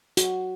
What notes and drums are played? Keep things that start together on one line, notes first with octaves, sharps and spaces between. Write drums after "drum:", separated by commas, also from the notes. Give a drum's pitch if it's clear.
F#4, drum: hi-hat